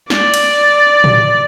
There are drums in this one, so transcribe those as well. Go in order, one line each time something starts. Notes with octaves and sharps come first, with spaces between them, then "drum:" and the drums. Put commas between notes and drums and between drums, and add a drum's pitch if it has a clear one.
D5, drum: snare
drum: cymbal
drum: tom